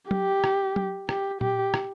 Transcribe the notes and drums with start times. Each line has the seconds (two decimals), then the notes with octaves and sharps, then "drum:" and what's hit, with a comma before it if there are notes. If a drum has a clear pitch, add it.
0.11 G4, drum: tom F#3
0.44 drum: rim click
0.76 drum: tom F#3
1.09 G4, drum: rim click
1.41 G4, drum: tom A#2
1.74 drum: rim click